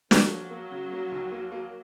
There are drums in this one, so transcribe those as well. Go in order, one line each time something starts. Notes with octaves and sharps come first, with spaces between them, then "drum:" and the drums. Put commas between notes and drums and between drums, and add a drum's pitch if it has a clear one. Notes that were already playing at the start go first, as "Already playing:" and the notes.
F3 F#3, drum: snare
A#3
A#3
C#3
A#3
D#2
A#3
A#3